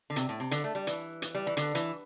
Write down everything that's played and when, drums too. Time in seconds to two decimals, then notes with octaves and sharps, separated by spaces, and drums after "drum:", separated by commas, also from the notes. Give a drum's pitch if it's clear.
0.10 D3
0.16 C3, drum: hi-hat
0.29 A2
0.40 C3
0.51 D3, drum: hi-hat
0.64 A3
0.75 G3
0.87 E3, drum: hi-hat
1.22 drum: hi-hat
1.35 G3
1.47 E3
1.57 D3, drum: hi-hat
1.75 E3, drum: hi-hat